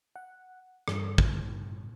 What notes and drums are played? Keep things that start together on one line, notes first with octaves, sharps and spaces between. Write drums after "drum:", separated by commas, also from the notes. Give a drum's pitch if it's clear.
F#5
G2, drum: rim click
drum: kick